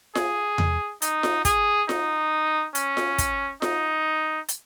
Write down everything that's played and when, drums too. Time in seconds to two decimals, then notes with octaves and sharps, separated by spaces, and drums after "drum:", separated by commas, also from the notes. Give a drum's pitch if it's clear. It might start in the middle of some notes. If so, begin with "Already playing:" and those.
0.15 G#4, drum: snare F4
0.58 drum: tom E2
1.02 D#4, drum: hi-hat
1.23 drum: snare F4
1.45 G#4, drum: kick, hi-hat
1.89 D#4, drum: snare F4
2.75 C#4, drum: hi-hat
2.97 drum: snare F4
3.18 drum: kick, hi-hat
3.62 D#4, drum: snare F4
4.49 drum: hi-hat